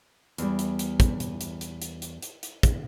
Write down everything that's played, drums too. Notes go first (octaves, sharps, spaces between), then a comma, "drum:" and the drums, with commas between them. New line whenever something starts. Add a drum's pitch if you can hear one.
E2 G3, drum: hi-hat
drum: hi-hat
drum: hi-hat
drum: kick, hi-hat
drum: hi-hat
drum: hi-hat
drum: hi-hat
drum: hi-hat
drum: hi-hat
drum: hi-hat
drum: hi-hat
drum: kick, hi-hat